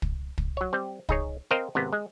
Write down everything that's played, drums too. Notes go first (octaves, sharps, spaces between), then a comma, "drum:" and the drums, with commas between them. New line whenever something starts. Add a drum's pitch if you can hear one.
drum: kick
drum: kick
F#3 C#5
G3 C4
D#4 G#4 C#5, drum: kick
C4 A#4 C5 D#5 F5
G#1 C3 B3
G#3